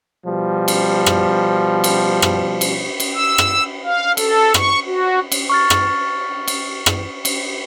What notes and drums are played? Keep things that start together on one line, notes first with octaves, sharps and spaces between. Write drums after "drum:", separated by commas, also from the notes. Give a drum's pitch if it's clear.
B2 F3 G3
drum: cymbal
drum: rim click
drum: cymbal
drum: rim click
drum: cymbal
drum: cymbal
E6
drum: rim click
F5
A4, drum: cymbal
C#6, drum: rim click
F#4
drum: cymbal
C#6 F6 A6
drum: rim click
drum: cymbal
drum: rim click
drum: cymbal